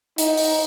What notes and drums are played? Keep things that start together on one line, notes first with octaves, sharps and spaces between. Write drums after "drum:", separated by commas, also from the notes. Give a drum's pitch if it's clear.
D#4, drum: hi-hat
drum: open hi-hat